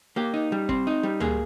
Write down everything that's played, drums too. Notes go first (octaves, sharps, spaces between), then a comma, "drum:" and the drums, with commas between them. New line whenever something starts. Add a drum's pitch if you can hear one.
A#3 G4
D#4
G3
C4, drum: kick
D#4
G3
A#3 G#4, drum: tom C#2